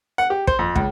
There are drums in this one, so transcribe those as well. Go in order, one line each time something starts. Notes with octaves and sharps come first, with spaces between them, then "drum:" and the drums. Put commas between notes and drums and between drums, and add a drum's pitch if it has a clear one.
F#5
G4
C5, drum: kick
F2
C#2, drum: kick